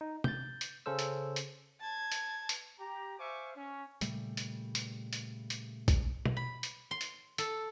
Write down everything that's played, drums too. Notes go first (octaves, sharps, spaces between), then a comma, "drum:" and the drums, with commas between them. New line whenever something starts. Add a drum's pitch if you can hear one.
D#4
G6 A6, drum: tom
drum: hi-hat
C#3 C#4 A4 C5 E6
drum: hi-hat
drum: hi-hat
A5 G#6
drum: hi-hat
drum: hi-hat
G4 A#5
C5 E5 F5 G#5 C#6 D6
C#4
A#2 C#3 G3 A3, drum: hi-hat
drum: hi-hat
drum: hi-hat
drum: hi-hat
drum: hi-hat
drum: kick A#1, hi-hat
drum: tom B2
B5
drum: hi-hat
C6
drum: hi-hat
A4, drum: hi-hat